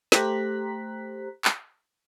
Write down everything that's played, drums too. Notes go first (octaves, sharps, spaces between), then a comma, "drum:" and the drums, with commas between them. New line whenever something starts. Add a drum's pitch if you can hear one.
A3 G4 C5 A#5 F#6 B6, drum: snare
drum: clap